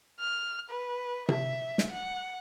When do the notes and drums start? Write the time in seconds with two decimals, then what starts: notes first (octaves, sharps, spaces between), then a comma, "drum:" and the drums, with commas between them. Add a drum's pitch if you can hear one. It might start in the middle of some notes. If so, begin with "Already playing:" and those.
0.20 F6
0.70 B4
1.29 E5, drum: tom C3
1.78 drum: snare
1.91 F#5